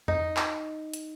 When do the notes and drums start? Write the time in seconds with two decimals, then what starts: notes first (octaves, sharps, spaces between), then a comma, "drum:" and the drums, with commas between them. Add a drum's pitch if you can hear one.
0.08 D#4, drum: tom E2
0.37 drum: clap
0.93 drum: hi-hat